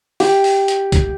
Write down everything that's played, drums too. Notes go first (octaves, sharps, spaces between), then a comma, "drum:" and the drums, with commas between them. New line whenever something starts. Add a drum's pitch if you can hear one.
G4, drum: open hi-hat
drum: open hi-hat
drum: hi-hat
drum: kick, hi-hat